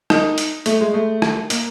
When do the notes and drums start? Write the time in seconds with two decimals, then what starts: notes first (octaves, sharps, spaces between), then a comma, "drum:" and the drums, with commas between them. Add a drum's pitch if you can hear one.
0.10 D#4, drum: rim click
0.38 drum: hi-hat
0.66 A3, drum: hi-hat
0.81 G#3
0.94 A3
1.22 drum: rim click
1.50 A#3, drum: hi-hat